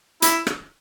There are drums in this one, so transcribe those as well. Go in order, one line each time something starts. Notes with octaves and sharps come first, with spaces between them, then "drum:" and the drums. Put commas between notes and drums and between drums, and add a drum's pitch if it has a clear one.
E4, drum: hi-hat
drum: rim click